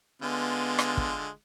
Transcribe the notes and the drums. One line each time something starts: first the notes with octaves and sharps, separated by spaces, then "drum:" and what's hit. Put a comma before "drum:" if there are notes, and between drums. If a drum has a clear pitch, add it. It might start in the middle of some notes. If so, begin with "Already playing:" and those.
D3 G#3 B3 F4
drum: rim click
drum: kick